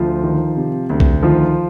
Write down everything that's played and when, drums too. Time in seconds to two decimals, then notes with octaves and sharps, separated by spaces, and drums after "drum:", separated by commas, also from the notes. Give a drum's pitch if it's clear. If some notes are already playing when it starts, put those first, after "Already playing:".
Already playing: D2 F3 F4
0.24 D#3
0.57 C3
0.90 D2
1.00 drum: kick B1
1.22 D#3 F3 F4